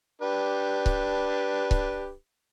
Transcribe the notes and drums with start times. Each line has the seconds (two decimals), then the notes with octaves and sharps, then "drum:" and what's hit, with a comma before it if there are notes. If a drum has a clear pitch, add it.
0.22 D4 G4 B4
0.86 drum: kick C#1
1.71 drum: kick C#1